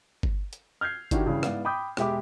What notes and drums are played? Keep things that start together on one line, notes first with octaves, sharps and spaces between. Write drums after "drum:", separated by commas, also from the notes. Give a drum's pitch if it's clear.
drum: kick G1
drum: hi-hat
F6 G6 G#6 C7
D#3 D4 E4 F#4 G4, drum: kick G1, hi-hat
G2 C#3 E3 G3
G#2 B3 E4 D5 F5, drum: rim click
G5 B5 D6 D#6 G6
E1 G#3 G4 E5 B5 D6, drum: rim click